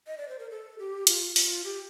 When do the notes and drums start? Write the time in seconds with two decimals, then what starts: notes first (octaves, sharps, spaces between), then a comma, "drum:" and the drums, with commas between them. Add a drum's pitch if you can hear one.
0.07 D#5
0.17 D5
0.28 C5
0.39 A#4
0.50 A4
0.79 G4
1.07 F4, drum: hi-hat
1.36 F4, drum: open hi-hat
1.64 G4